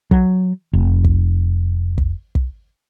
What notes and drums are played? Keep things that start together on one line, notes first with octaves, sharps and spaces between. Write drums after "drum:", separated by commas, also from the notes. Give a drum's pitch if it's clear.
F#3, drum: kick
F1
drum: kick
drum: kick
drum: kick